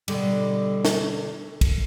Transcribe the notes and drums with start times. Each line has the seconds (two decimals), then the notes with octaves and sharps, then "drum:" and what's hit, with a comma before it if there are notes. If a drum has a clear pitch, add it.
0.08 B2 D3 G3, drum: cymbal
0.85 drum: snare
1.61 drum: kick, cymbal